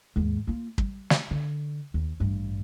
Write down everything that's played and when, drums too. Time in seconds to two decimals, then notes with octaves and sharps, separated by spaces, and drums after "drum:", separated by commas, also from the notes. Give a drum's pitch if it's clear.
0.16 D#2 G#2
0.47 A#3 F4
0.78 G3, drum: kick
1.10 drum: snare
1.31 D3
1.94 D#2
2.20 A1 G2